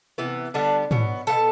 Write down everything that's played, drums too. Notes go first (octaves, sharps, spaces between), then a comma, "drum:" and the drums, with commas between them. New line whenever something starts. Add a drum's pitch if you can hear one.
C3 E3 B3
D3 G3 B3 D4
B2 F#3 B3, drum: tom
B2 F#3 B3 A4